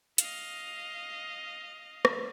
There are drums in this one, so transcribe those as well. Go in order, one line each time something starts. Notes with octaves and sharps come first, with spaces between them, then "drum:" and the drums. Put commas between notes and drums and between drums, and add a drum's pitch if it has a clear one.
D#5 F5, drum: hi-hat
drum: rim click